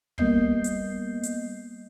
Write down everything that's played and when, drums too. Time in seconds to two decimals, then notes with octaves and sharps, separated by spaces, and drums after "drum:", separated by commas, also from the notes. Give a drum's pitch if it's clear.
0.18 G3 A#3 B3 D#5 G6 C7, drum: kick
0.64 drum: hi-hat
1.23 drum: hi-hat